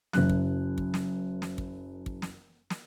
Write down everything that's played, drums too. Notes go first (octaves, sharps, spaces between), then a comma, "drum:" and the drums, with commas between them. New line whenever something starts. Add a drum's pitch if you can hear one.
F#1 F#2 F#6, drum: snare
drum: kick
drum: kick
drum: snare
drum: snare
drum: kick
drum: kick
drum: snare
drum: snare